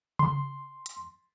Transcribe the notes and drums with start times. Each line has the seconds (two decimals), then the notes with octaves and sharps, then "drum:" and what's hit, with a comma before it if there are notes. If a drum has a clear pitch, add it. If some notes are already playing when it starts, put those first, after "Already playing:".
0.19 C6, drum: tom C#3
0.86 drum: hi-hat